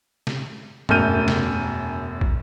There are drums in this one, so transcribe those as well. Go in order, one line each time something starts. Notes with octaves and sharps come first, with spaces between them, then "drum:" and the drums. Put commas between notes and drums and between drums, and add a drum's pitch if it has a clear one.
drum: snare
E1 F#2 A3 F6 G6 D#7, drum: tom G2
drum: snare
drum: kick